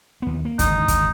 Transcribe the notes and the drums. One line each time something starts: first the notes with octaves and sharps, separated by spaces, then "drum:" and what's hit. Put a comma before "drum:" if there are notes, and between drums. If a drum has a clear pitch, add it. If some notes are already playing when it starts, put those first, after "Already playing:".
D#2 B3
A#3
D#2 G#2 D3 D#4, drum: kick, hi-hat
drum: kick, hi-hat